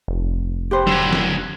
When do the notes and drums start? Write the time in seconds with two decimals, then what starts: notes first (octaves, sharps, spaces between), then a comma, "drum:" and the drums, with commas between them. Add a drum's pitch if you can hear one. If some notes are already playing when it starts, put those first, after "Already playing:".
0.08 F1
0.71 G4 B4 C5
0.87 D3 F#3, drum: tom
1.13 drum: snare